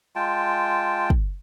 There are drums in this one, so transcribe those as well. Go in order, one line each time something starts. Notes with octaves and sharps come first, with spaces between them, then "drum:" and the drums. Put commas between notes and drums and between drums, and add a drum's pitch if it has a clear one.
G#3 F4 G5 A5
drum: kick